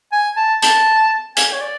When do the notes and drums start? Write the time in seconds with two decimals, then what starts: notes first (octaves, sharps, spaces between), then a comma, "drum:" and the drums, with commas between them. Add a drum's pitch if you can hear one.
0.12 G#5
0.37 A5
0.62 A5, drum: hi-hat
1.36 G#5, drum: hi-hat
1.53 C#5
1.61 D5